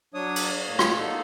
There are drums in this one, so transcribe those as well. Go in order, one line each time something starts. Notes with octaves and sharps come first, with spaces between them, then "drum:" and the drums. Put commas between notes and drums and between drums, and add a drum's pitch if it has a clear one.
F#3 D4 C#5 D#6
drum: cymbal
A2 A#3 C#5
drum: rim click
A#3 B3 D#4 A4